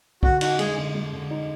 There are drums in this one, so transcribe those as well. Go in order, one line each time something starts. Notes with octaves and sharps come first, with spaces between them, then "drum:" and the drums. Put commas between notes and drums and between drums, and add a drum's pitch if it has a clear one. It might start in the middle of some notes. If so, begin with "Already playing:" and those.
D3 F#4, drum: kick
D#4 F#4, drum: cymbal
G#3 G#4, drum: cymbal
D3
G#3
D3
D#4